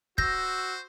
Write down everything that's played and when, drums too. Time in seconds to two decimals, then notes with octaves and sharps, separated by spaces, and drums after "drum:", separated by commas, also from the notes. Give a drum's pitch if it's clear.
0.18 F#4 C5 E6 G6 A#6, drum: kick